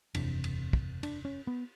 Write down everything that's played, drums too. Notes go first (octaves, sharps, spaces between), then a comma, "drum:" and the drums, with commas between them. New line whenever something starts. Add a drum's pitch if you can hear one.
F#1 E2 C3 D4, drum: cymbal
drum: cymbal
drum: kick
D4, drum: cymbal
C#4
B3